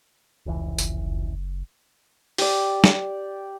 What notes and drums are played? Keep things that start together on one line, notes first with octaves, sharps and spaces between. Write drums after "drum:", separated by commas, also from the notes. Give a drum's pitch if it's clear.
F1 C#2 E3
F#1, drum: tambourine
G4 D5, drum: open hi-hat
drum: snare